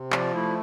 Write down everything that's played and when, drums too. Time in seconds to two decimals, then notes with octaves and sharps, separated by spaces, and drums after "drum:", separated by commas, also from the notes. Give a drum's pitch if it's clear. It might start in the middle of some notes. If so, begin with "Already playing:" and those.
Already playing: C3
0.12 F3 D5, drum: clap
0.34 A3 E4